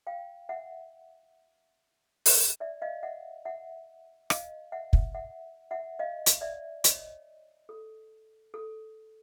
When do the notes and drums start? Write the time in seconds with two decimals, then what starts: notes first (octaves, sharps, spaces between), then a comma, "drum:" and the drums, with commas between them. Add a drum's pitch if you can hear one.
0.07 F5 G5
0.49 E5 F#5
2.26 drum: open hi-hat
2.60 D5 E5
2.82 D#5 F5
3.03 E5 F#5
3.45 E5 F#5
4.30 D#5 F5, drum: rim click
4.72 E5 F#5
4.93 drum: kick
5.15 E5 F#5
5.71 E5 F#5
5.99 D#5 F5
6.26 drum: hi-hat
6.41 D5 E5
6.84 C#5 D#5, drum: hi-hat
7.69 A4
8.54 A4